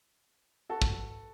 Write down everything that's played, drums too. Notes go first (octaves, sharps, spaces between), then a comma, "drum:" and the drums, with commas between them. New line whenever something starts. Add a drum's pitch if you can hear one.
F#4 A4
drum: kick